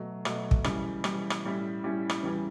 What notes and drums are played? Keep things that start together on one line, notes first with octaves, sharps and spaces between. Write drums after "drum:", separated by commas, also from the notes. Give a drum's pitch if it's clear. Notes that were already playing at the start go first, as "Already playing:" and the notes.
Already playing: B2 F#3 A3
B2 F#3 A3, drum: rim click
drum: kick
C#3 E3 G3, drum: rim click
C#3 E3 G3, drum: rim click
drum: rim click
A2 G3 C#4 E4
A2 G3 C#4 E4
drum: rim click
E2 C#3 E3 G3